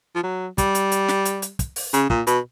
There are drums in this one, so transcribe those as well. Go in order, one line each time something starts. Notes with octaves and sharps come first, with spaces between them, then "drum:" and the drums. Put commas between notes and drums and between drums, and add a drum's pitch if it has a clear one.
F3
F#3
G3, drum: kick, hi-hat
drum: hi-hat
drum: hi-hat
drum: snare
drum: hi-hat
drum: hi-hat
drum: kick, hi-hat
drum: open hi-hat
C#3, drum: hi-hat
A#2, drum: kick
B2, drum: hi-hat